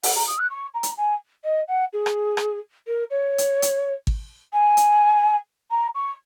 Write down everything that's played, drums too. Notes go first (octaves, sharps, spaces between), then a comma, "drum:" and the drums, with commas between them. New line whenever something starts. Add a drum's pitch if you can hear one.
F#5, drum: open hi-hat
A#5
D#6
F#6
C#6
A#5
drum: hi-hat
G#5
D#5
F#5
G#4
drum: rim click
drum: rim click
A#4
C#5
drum: hi-hat
drum: hi-hat
drum: kick G#1
G#5
drum: hi-hat
A#5
C#6